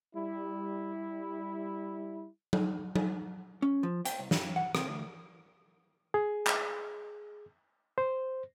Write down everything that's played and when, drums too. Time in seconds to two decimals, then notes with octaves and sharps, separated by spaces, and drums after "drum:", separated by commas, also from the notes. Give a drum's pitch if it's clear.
0.15 G3 E4
2.53 drum: tom F#3
2.96 drum: tom F#3
3.62 C#4
3.83 F3
4.05 G5, drum: hi-hat
4.19 C2
4.31 F#2, drum: snare
4.56 F#5
4.75 C3, drum: rim click
4.87 D2
6.14 G#4
6.47 drum: clap
7.98 C5